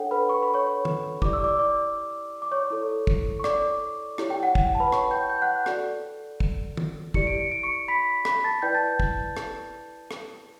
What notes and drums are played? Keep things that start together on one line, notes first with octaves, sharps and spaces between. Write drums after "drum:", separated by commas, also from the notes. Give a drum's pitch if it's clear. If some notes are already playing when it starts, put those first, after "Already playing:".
Already playing: D4 A4 C#5 F#5 G5
B4 B5
C#6
B5
C#5 C#6
drum: tom
E4 G4 D5 D6, drum: kick
E6
D5 D6
D5 D6
D6
C#5 C#6
E4 A4 C#5
drum: kick
C#6
D5 D6, drum: rim click
E4 G4 C#5, drum: rim click
G5
F#5
drum: kick
A5
B4 B5
C#5 C#6, drum: rim click
G5 G6
G5 G6
F#5 F#6
F#4 A4 D5, drum: rim click
drum: kick
drum: tom
E4 G4 D5 C#7, drum: kick
D7
C#7
D7
C#6 C#7
B5 B6
B5 B6, drum: rim click
A5 A6
E4 B4 D5 G5 G6
A5 A6
drum: kick
drum: rim click
drum: rim click